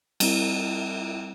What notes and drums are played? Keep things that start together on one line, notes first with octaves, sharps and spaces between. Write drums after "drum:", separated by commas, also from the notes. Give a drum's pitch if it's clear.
G3 C4 E4, drum: cymbal